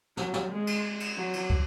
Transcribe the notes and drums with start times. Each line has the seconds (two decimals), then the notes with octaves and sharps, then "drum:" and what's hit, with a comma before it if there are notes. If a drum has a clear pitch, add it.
0.17 F#3, drum: snare
0.34 drum: snare
0.50 G#3
0.67 drum: cymbal
1.00 drum: cymbal
1.17 F#3
1.33 drum: cymbal
1.50 drum: kick